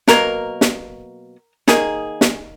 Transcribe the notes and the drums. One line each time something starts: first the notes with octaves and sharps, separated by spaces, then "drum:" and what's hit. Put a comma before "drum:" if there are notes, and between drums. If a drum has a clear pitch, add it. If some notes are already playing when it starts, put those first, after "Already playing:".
B2 F#3 A#3 A#4, drum: snare
drum: snare
D#3 A#3 G#4, drum: snare
drum: snare